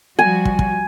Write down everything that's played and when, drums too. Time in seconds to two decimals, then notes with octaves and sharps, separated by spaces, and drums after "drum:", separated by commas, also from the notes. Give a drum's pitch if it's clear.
0.19 F3 G3 F#4 G#5
0.45 drum: kick
0.59 drum: kick